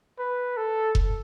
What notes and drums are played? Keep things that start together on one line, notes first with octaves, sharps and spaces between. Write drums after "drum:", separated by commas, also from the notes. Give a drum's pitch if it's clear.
B4
A4
drum: kick F1